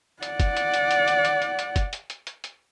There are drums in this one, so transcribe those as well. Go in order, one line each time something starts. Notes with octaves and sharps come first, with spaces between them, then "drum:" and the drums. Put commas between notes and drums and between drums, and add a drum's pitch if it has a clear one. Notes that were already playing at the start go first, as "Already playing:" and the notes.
D5 F#5, drum: hi-hat
drum: kick F#1, hi-hat
drum: hi-hat
drum: hi-hat
drum: hi-hat
drum: hi-hat
drum: hi-hat
drum: hi-hat
drum: hi-hat
drum: kick F#1, hi-hat
drum: hi-hat
drum: hi-hat
drum: hi-hat
drum: hi-hat